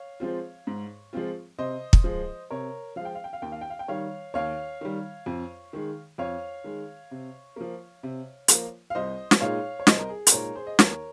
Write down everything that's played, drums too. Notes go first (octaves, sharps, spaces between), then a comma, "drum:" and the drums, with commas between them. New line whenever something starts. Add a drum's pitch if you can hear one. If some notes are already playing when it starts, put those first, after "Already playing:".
Already playing: C#5 F5
F3 G#3 C4 F4
G#2
F3 G#3 C4 F4
C3 C5 D#5
drum: kick
F3 G#3
C3 A#4 C#5
F3 G#3 F5
G5
F5
G5
F5
D#2 G5
F5
G5
F5
G5
D#3 G3 C#5 F5
D#2 C#5 F5
D#3 G3
F2
D#3 G#3
F2 C#5 F5
D#3 G#3
C3
F3 A#3
C3
F3 A#3, drum: hi-hat
F5
C2 C5 D#5
drum: snare
A#2 G#3 D#4 C#5 F5
C#5
C2 C5 D#5, drum: snare
A#4
G#4
C5, drum: hi-hat
A#2 G#3 D#4 A#4 C#5
G#4 C5
D#5
D#2 A#4 C#5, drum: snare